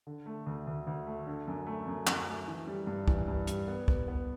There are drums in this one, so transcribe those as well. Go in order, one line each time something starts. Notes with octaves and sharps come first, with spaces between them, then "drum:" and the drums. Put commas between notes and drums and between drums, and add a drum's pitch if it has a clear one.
D3
A3
D2
D2
D2
A3
D3
F#2
A3
F#2
F#2, drum: clap
A3
E3
G3
G2
E3, drum: kick
G2
G3, drum: hi-hat
B3
B3, drum: kick
B3